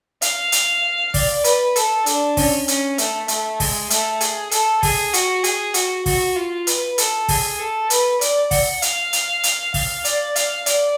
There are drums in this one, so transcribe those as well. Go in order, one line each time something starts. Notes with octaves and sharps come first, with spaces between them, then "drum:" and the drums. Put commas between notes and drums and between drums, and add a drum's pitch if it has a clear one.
F5, drum: hi-hat
drum: hi-hat
D5, drum: kick, open hi-hat
B4, drum: hi-hat
A4, drum: hi-hat
D4, drum: hi-hat
C#4, drum: kick, open hi-hat
C#4, drum: hi-hat
A3, drum: hi-hat
A3, drum: hi-hat
G#3, drum: kick, open hi-hat
A3, drum: hi-hat
G#4, drum: hi-hat
A4, drum: hi-hat
G#4, drum: kick, open hi-hat
F#4, drum: hi-hat
G#4, drum: hi-hat
F#4, drum: hi-hat
F#4, drum: kick, open hi-hat
F4
B4, drum: hi-hat
A4, drum: hi-hat
G#4, drum: kick, open hi-hat
A4
B4, drum: hi-hat
D5, drum: hi-hat
F#5, drum: kick, open hi-hat
F5, drum: hi-hat
drum: hi-hat
drum: hi-hat
F5, drum: kick, open hi-hat
D5, drum: hi-hat
F5, drum: hi-hat
D5, drum: hi-hat